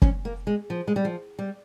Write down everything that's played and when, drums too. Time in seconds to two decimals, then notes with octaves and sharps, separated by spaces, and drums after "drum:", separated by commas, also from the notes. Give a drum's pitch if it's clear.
0.02 C#4, drum: kick
0.25 A#3
0.47 G#3
0.70 F3
0.88 G#3
0.96 G3
1.05 F3
1.39 G3